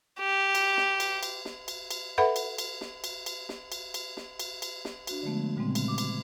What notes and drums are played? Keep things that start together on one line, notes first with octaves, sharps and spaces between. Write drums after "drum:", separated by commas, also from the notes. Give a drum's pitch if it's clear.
G4
drum: cymbal
drum: snare
drum: cymbal
drum: cymbal
drum: snare
drum: cymbal
drum: cymbal
A4 B4 E5 F#5 B5
drum: cymbal
drum: cymbal
drum: snare
drum: cymbal
drum: cymbal
drum: snare
drum: cymbal
drum: cymbal
drum: snare
drum: cymbal
drum: cymbal
drum: snare
D4 F#4, drum: cymbal
D3 F3 G#3 A3 B3
A#2 C#3 G3 G#3 B3 C4
drum: cymbal
D6
drum: cymbal